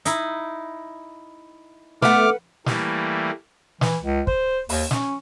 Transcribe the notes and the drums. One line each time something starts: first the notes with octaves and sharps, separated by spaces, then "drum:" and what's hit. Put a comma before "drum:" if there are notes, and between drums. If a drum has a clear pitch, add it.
D#4 E4, drum: hi-hat
A3 B3 B4 F#5 D6 F6, drum: snare
E3 G3 A3 A#3, drum: snare
E3, drum: snare
C#2
C5, drum: kick
D#2, drum: open hi-hat
C#4, drum: snare